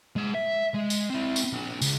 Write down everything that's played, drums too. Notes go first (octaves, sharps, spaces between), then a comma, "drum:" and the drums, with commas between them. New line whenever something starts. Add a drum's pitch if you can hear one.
G#3 F#5
E5
G#3
drum: tambourine
C4 E4
drum: tambourine
A#3 D4
C#2, drum: tambourine